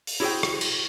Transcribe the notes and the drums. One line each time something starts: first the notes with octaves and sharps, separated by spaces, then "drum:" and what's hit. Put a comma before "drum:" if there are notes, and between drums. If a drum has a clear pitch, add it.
drum: open hi-hat
E4 F#4 G#4 C5 G5
drum: rim click
drum: cymbal